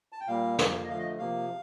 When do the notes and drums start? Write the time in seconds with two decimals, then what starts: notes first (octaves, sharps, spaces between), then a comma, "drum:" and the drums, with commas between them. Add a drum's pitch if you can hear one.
0.12 A5
0.20 G5
0.28 A#2 G3 A#3 F5
0.59 D3 F3 A#3, drum: snare
0.84 D#5
0.89 D3 F3 A3 F5
0.98 D#5
1.19 C3 F3 A#3 F5